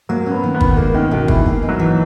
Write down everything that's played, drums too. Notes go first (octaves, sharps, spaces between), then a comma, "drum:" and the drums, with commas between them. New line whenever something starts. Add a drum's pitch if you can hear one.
F#3 A#3
C#4
B3
D#3
B3
D#3, drum: kick
G#3 A#3
D#3 C#4
B2 D#3
E3 G#4, drum: kick
A#3
D#4
F#3
E3